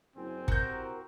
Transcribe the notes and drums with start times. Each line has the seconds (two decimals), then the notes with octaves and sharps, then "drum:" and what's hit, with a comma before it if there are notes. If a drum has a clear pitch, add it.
0.16 F#1 C4 G#5
0.48 C2 F#4 A#4 F#5 A#5 G6, drum: kick